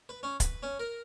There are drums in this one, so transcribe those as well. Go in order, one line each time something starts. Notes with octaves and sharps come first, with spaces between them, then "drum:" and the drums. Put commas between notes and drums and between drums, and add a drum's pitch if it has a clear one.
B4
C#4
B4, drum: kick, hi-hat
C#4
A#4